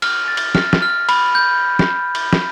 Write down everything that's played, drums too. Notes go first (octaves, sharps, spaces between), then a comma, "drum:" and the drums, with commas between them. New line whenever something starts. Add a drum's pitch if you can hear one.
F6, drum: cymbal
A6
drum: cymbal
F6, drum: snare
drum: snare
F6
B5, drum: cymbal
G6
drum: snare
drum: cymbal
drum: snare